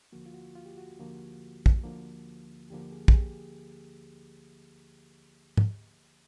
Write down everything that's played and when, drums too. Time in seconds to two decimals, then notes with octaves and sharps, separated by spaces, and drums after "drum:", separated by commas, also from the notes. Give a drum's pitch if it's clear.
0.12 D2 D3 F3 A#3 F#4
0.26 F4
0.34 F#4
0.56 F4
0.66 G4
0.77 F#4
0.98 D2 D3 F3 A#3
1.66 drum: kick
1.84 D2 D3 F3 A#3
2.70 D2 D3 F3 A#3 G4
2.92 G#4
3.08 G#4, drum: kick
3.13 G4
5.57 drum: tom